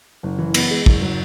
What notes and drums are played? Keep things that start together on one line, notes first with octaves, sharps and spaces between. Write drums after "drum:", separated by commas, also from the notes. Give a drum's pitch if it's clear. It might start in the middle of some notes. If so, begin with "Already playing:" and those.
F#1
E3
B3, drum: cymbal
G#3
F#1, drum: kick
F#3